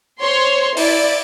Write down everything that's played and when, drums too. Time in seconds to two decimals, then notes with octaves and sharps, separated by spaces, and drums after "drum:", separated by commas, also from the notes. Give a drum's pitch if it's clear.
0.22 C5 C#5 C6
0.77 E4 D5, drum: open hi-hat